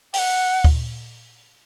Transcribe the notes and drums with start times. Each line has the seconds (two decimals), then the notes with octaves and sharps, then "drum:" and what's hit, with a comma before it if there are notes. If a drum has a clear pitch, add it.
0.14 G5, drum: open hi-hat
0.18 F#5
0.64 drum: kick D2